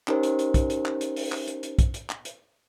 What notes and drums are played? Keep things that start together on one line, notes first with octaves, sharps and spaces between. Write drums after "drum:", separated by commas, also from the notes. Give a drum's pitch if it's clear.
C#4 D#4 G4 A#4 C5, drum: clap
drum: hi-hat
drum: hi-hat
drum: kick, hi-hat
drum: hi-hat
drum: clap
drum: hi-hat
drum: open hi-hat
drum: clap
drum: hi-hat
drum: hi-hat
drum: kick, hi-hat
drum: hi-hat
drum: clap
drum: hi-hat